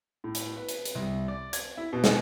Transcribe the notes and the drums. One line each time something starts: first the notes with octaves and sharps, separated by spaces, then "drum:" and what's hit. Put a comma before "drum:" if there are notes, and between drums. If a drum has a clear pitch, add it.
A2
drum: hi-hat
B4
drum: hi-hat
drum: hi-hat
C2
D5
G#6, drum: hi-hat
E4
B2
drum: snare